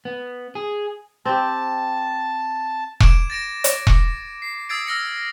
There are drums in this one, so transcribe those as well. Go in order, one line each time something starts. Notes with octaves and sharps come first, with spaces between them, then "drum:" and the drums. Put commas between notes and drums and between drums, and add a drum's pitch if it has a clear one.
B3
G#4
C4 G4 A5
D6 G#6 D7 E7, drum: kick E1
A6 A#6 D7 E7
drum: hi-hat
D6 C#7, drum: kick E1
C7
D#6 E6 G#6 A6 C7 D7
E6 F6 A#6 C#7